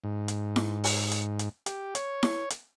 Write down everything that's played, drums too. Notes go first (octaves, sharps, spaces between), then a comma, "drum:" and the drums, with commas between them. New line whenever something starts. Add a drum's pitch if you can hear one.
G#2
drum: hi-hat
drum: snare E4
drum: open hi-hat
drum: hi-hat
drum: hi-hat
G4, drum: hi-hat
C#5, drum: hi-hat
drum: snare E4
drum: hi-hat